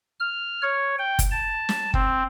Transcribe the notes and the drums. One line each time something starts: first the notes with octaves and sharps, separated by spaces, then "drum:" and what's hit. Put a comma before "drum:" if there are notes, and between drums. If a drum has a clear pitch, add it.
F6
C#5
G5
drum: kick, hi-hat
A5
drum: snare
C4, drum: kick